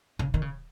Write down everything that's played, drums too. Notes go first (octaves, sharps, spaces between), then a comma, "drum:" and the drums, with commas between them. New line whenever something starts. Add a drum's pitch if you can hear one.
C#3, drum: kick
D#3
C#3